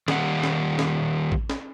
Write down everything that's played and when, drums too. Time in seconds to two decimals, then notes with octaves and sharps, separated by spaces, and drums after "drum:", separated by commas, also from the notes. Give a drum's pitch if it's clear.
0.08 D#3 G3 A#3 F#5, drum: snare
0.43 drum: snare
0.79 drum: snare
1.32 drum: kick A1
1.50 drum: snare